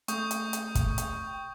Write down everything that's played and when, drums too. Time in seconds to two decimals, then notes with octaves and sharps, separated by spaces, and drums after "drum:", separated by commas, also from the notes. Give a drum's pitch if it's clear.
0.08 A3 C#6 D#6 G6, drum: hi-hat
0.31 drum: hi-hat
0.53 drum: hi-hat
0.75 drum: kick, hi-hat
0.98 drum: hi-hat
1.27 G5